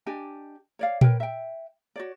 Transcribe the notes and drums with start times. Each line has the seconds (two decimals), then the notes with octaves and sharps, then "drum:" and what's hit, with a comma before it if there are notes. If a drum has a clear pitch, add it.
0.06 D4 G4 D#5 G#5
0.79 C#5 D5 F5
1.01 A#4 B4 C#5 G5, drum: tom A#2
1.20 E5 G5
1.96 F#4 C#5 D5